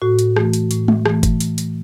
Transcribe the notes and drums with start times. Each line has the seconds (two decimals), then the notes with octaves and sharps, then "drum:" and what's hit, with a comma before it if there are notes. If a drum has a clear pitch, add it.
0.02 A2 F#4
0.19 drum: hi-hat
0.36 E3 A3, drum: rim click
0.53 drum: hi-hat
0.71 A2, drum: hi-hat
0.88 drum: tom G#3
1.06 E3 A3, drum: rim click
1.23 drum: kick F#1, hi-hat
1.40 drum: hi-hat
1.58 drum: hi-hat